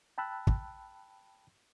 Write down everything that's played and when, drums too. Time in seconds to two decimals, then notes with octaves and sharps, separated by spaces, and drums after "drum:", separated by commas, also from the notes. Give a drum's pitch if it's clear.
0.18 G5 A5 B5 E6 F#6
0.47 drum: kick